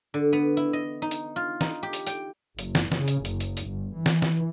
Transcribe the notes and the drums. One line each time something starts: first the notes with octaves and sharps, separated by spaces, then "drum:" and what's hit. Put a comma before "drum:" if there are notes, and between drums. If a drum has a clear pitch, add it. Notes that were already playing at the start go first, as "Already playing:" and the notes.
D3
B3
E4
D#5
D#4
drum: hi-hat
F4
D#4, drum: snare
G4
drum: hi-hat
G5, drum: hi-hat
F#1, drum: hi-hat
drum: snare
C#3, drum: snare
drum: hi-hat
F#1, drum: hi-hat
drum: hi-hat
drum: hi-hat
G1
E3
drum: snare
drum: snare